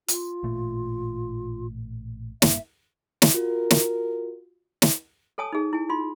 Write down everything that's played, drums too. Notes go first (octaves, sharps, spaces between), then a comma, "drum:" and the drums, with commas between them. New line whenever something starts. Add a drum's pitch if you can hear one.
F4, drum: hi-hat
A1 A#2 A3
D#1 G2 A#3 E5, drum: snare
drum: snare
F4 F#4 A#4
drum: snare
drum: snare
A4 C#5 G#5 A5 D#6
D#4 G#4
E4 G#5
D#4 F4 C6